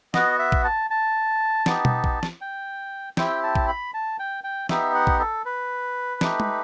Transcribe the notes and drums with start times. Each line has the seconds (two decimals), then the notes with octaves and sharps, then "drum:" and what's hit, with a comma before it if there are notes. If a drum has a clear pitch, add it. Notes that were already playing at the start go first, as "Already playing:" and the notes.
0.14 B3 F#4 D#5, drum: snare
0.39 E5
0.52 drum: kick
0.64 A5
0.90 A5
1.66 B3 D#4 G4, drum: snare
1.85 drum: tom B2
2.04 drum: kick
2.23 drum: snare
2.41 G5
3.17 C4 E4 G4 G5, drum: snare
3.43 A5
3.55 drum: kick
3.68 B5
3.94 A5
4.19 G5
4.44 G5
4.69 B3 D#4 G4 E5, drum: snare
4.95 F#5
5.07 drum: kick
5.20 A4
5.45 B4
6.21 A3 D#4 G4, drum: snare
6.40 drum: tom